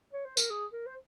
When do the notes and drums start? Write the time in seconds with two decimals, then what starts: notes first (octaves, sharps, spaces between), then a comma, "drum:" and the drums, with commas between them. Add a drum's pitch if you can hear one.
0.13 C#5
0.25 C5
0.37 A#4, drum: tambourine
0.50 G#4
0.73 A#4
0.86 C5